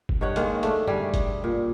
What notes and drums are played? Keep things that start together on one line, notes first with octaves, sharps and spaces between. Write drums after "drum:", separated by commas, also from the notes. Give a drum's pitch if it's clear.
drum: kick
G2 D#4 C#5 F#5
D#3 G#3 A#3, drum: hi-hat
A3 D4, drum: hi-hat
G3 G#4, drum: tom
drum: kick, hi-hat
A#2